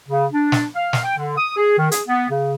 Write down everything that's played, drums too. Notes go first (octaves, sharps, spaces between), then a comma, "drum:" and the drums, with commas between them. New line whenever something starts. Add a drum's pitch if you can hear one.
C#3
D4
drum: snare
F5
drum: snare
G5
D3
D#6
G#4
D#3
G#4, drum: hi-hat
B3
C#3